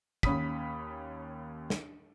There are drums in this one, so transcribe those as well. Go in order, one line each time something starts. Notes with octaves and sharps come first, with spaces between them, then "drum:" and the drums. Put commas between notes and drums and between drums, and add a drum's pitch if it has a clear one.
D#2 C#4 B5 D#6 B6, drum: kick
drum: snare